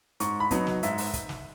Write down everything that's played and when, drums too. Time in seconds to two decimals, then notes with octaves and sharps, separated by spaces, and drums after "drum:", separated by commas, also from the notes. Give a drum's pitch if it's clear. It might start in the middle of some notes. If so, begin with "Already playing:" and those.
0.20 G#2 C#6, drum: hi-hat
0.40 B5
0.51 F#3 B3 D#4, drum: kick, hi-hat
0.67 drum: snare
0.83 G#2 E5, drum: hi-hat
0.98 drum: open hi-hat
1.13 drum: kick, hi-hat
1.29 drum: snare